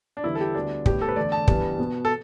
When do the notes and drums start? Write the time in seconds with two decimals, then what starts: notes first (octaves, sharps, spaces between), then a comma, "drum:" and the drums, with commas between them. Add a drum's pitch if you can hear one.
0.17 D4
0.24 E2 D3 G3 B3 E4
0.35 A4
0.40 G4
0.55 D2 D3 G3 B3 D4
0.86 A2 G3 B3 G4, drum: kick
1.01 A4
1.09 B4
1.16 E2 D3 A3 D5
1.32 A5
1.48 G2 E3 G3 B3, drum: kick
1.79 B2 B3
2.05 A4